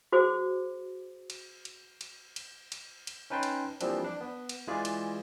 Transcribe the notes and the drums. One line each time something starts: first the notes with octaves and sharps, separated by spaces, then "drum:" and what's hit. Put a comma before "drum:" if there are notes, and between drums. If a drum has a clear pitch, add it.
F#4 G#4 C5 D6
drum: cymbal
drum: cymbal
drum: cymbal
drum: cymbal
drum: cymbal
drum: cymbal
C#4 D#4 B4 G5 A5 C6
drum: cymbal
E3 F3 G3 A#3 C4 D4, drum: cymbal
D4
B3
drum: cymbal
E3 G#3 F4 G#4 D5
drum: cymbal